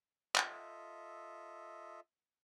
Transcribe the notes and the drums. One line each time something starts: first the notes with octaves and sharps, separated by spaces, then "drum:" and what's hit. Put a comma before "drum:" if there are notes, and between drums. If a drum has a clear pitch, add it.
F4 A4 D#5 E5, drum: clap